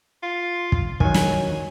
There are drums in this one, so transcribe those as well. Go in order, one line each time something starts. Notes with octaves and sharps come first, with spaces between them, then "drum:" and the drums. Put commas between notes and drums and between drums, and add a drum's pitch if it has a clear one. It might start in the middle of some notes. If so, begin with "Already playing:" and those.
F4
drum: kick
D#3 F#3 G#5, drum: kick
drum: snare